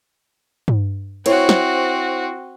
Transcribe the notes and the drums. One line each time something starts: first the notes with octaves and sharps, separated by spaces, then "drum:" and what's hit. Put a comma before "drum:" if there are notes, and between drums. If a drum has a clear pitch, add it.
drum: tom G2
C4 E4 F#4 C5 C#5, drum: cymbal
drum: snare